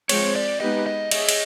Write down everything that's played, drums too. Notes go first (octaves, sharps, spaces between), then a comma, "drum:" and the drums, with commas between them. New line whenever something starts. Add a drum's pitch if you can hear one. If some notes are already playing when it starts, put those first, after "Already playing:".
F3 G#3 C4 C#5, drum: cymbal
D5
G#3 B3 D#4 G4 B4 D#5
D#5
G#4 C#5 D#5 E5, drum: cymbal
drum: cymbal